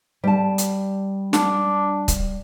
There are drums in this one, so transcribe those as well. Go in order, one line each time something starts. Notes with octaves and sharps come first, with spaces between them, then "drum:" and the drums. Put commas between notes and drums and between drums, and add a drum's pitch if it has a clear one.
G3 A5
drum: hi-hat
D4, drum: snare
drum: kick C#1, hi-hat